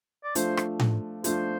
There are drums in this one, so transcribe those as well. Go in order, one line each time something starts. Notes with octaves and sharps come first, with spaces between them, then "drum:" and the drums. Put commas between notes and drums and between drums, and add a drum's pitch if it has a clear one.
D5
F3 A3 D4 F4 C5, drum: hi-hat
drum: rim click
drum: tom A2
F3 A3 D4 F4 C5, drum: hi-hat